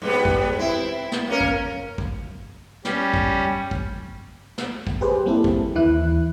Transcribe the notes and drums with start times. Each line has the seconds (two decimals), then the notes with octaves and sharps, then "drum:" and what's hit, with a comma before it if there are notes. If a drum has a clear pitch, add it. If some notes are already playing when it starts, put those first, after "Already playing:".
0.02 G#2 G3 B3
0.25 drum: kick
0.58 C4 E4
1.12 drum: snare
1.27 A#3 C#4 A#4
1.41 drum: kick
1.98 drum: kick
2.85 G3 C#4, drum: snare
3.14 drum: kick
3.71 drum: kick
4.58 drum: snare
4.87 drum: kick
5.01 G4 G#4 B4 C5
5.26 G3 A#3 C4 E4 G4 A4
5.44 drum: kick
5.75 D#2 E3 E4 F#6